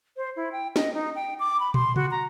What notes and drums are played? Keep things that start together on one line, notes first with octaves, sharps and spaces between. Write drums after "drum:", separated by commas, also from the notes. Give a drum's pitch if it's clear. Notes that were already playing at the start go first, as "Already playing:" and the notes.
C5
E4
G5
D#5, drum: snare
D#4
G5
D6
B5
C6, drum: tom
F#4, drum: tom C3
A#5